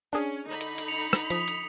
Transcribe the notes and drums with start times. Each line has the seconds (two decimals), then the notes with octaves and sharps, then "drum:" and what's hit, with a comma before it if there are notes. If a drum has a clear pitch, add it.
0.13 C#4 D4 G#4
0.46 D3 D#4 B5
0.61 drum: hi-hat
0.78 drum: hi-hat
0.88 C#7 F7
1.13 drum: rim click
1.30 F3 D#6 B6, drum: hi-hat
1.48 drum: hi-hat